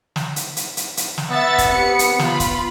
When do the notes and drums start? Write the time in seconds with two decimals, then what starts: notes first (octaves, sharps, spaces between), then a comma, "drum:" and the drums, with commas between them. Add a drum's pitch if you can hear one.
0.16 drum: snare
0.36 drum: hi-hat
0.56 drum: hi-hat
0.77 drum: hi-hat
0.97 drum: hi-hat
1.18 drum: snare
1.31 B3 E5 F#5 A6
1.58 drum: kick, hi-hat
1.72 C3 B4 C#7
1.99 drum: hi-hat
2.19 B3 F4 B5, drum: snare
2.40 drum: kick, hi-hat